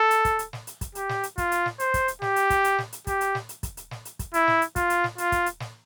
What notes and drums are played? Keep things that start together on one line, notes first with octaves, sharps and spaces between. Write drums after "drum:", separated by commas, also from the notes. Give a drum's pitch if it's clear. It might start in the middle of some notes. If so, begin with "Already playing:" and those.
Already playing: A4
drum: hi-hat
drum: kick, hi-hat
drum: hi-hat
drum: snare
drum: hi-hat
drum: kick, hi-hat
G4, drum: hi-hat
drum: snare
drum: hi-hat
F4, drum: kick, hi-hat
drum: hi-hat
drum: snare
C5, drum: hi-hat
drum: kick, hi-hat
drum: hi-hat
G4, drum: snare
drum: hi-hat
drum: kick, hi-hat
drum: hi-hat
drum: snare
drum: hi-hat
G4, drum: kick, hi-hat
drum: hi-hat
drum: snare
drum: hi-hat
drum: kick, hi-hat
drum: hi-hat
drum: snare
drum: hi-hat
drum: kick, hi-hat
E4, drum: hi-hat
drum: snare
drum: hi-hat
F4, drum: kick, hi-hat
drum: hi-hat
drum: snare
F4, drum: hi-hat
drum: kick, hi-hat
drum: hi-hat
drum: snare